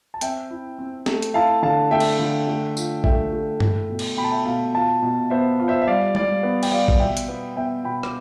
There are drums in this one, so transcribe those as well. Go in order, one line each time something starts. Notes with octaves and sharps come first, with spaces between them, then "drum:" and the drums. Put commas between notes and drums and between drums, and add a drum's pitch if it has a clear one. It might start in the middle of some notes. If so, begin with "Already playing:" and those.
A5
C4 E5 G5, drum: hi-hat
E4
C4
A3, drum: snare
drum: hi-hat
E4 F5 A5
D3 F5 A5
A3 E5 G5
drum: cymbal
D3
A3
F4, drum: tambourine
A3 E5 G5, drum: kick
A3
E4, drum: tom G2
B2
drum: cymbal
B2 G5 B5
A5
E5 G5
B2 F5 A5
F4 F5 A5
B2
B3 C5 E5
F4
C5 E5
E5
G3 D5 F5
G3 D5, drum: tom
B3
G5, drum: cymbal
G3 D5 F5
drum: kick
B2 E5 G5
drum: hi-hat
B3
B3 E5 G5
B2 G5 B5
D6, drum: rim click